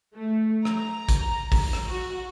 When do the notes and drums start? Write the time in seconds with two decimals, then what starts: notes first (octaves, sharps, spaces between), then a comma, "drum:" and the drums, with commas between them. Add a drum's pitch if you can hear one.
0.15 A3
0.65 A#5, drum: rim click
1.09 drum: kick, hi-hat
1.52 drum: kick, open hi-hat
1.73 drum: rim click
1.86 F#4